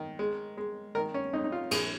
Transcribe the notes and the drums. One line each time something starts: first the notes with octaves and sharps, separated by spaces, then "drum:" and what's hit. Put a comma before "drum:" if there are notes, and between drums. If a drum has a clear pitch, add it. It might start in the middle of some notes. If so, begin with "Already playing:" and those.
Already playing: D#3
G#3
G#3
D#3 A#4
C#4
F2 D#4
D#4
F4
A#1 G#4, drum: cymbal